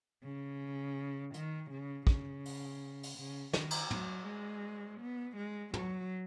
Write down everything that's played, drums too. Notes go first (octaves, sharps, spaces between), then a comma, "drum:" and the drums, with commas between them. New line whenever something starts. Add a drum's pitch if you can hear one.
C#3
D#3, drum: hi-hat
C#3
C#3, drum: kick
drum: open hi-hat
drum: open hi-hat
C#3
D#3, drum: snare
drum: cymbal
F#3, drum: tom
G#3
B3
G#3
F#3, drum: tom